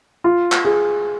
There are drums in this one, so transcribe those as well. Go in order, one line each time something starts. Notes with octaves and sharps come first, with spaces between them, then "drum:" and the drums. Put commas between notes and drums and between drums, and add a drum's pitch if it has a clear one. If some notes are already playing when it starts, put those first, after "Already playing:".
F4
drum: clap
G#4